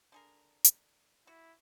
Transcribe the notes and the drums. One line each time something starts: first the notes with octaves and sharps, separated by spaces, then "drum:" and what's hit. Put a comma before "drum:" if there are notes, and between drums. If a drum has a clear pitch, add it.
D3 G#4 A#4
drum: hi-hat
E4 F#4